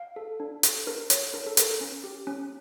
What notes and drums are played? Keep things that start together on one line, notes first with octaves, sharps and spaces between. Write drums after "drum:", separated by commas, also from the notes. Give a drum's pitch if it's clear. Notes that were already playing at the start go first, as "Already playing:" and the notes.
Already playing: F5
A4
D4
A4, drum: hi-hat
D4 A#4
A4 C#5, drum: hi-hat
D4 A#4
A4
A4 A#4, drum: hi-hat
C#4
G4
C#4